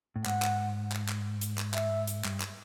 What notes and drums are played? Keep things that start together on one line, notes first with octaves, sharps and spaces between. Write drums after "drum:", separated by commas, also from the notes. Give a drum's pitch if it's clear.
A2
G#2 F#5, drum: clap
drum: clap
drum: clap
drum: clap
drum: hi-hat
drum: clap
E5, drum: clap
drum: hi-hat
G2, drum: clap
drum: clap